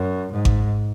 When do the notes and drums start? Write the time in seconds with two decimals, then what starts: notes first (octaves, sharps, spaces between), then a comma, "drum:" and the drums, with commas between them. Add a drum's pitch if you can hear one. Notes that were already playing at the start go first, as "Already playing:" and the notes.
Already playing: F#2
0.32 G#2
0.45 drum: kick G#1